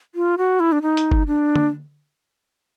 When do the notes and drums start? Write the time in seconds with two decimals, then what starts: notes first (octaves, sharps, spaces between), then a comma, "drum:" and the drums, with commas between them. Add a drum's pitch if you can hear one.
0.15 F4
0.38 F#4
0.60 E4
0.72 D4
0.82 D#4
0.97 drum: hi-hat
1.12 drum: kick F#1
1.27 D4
1.56 drum: tom D3